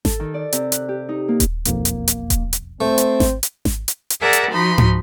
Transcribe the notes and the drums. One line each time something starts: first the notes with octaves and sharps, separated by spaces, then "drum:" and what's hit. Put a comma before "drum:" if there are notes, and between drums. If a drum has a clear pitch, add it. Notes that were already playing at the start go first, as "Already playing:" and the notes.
A4, drum: snare G#1
D#3
D5
C3, drum: hi-hat
F#6, drum: hi-hat
G4
D#4
A#3
drum: kick D#1, hi-hat
E1 B1 F2 A#3, drum: hi-hat
drum: hi-hat
drum: hi-hat
drum: kick D#1, hi-hat
drum: hi-hat
A3 C4 C5
drum: hi-hat
drum: snare G#1
drum: hi-hat
drum: snare G#1
drum: hi-hat
drum: hi-hat
G#4 A#4 D5 E5 F#5
drum: hi-hat
F3 D#4 F#4 B5 C6
drum: tom G#2